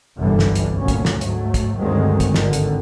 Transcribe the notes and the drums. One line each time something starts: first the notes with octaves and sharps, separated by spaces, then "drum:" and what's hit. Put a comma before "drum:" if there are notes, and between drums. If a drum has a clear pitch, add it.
G1 C2 F#2 D3 E3 G3
drum: snare
drum: hi-hat
D2 A#2 F#3 C#4
drum: kick, hi-hat
drum: snare
G#2 F#3 A3, drum: hi-hat
drum: kick, hi-hat
D2 G2 D#3 F#3 G#3 C4
drum: kick, hi-hat
G#1 D3 D#3, drum: snare
drum: hi-hat